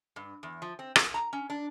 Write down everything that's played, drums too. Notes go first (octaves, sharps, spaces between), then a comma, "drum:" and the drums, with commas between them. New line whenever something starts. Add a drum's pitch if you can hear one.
G2
E2
F3
C4
A#4, drum: rim click
A#5
C#4
D4